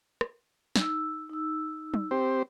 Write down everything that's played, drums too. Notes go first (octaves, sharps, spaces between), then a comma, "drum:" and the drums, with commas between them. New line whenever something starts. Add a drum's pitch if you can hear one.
drum: rim click
D#4 E6, drum: snare
D#4 E6
drum: tom
C4 G4 C5